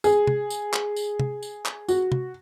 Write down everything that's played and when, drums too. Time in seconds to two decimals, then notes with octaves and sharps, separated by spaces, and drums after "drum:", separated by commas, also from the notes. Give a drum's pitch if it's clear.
0.04 G#4, drum: tambourine
0.27 drum: tom
0.50 drum: tambourine
0.73 drum: clap
0.96 drum: tambourine
1.20 drum: tom
1.43 drum: tambourine
1.66 drum: clap
1.88 F#4, drum: tambourine
2.12 drum: tom